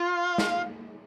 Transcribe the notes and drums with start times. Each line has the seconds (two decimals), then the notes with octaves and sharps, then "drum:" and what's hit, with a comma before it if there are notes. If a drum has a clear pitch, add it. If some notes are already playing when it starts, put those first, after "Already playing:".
Already playing: F4
0.38 drum: snare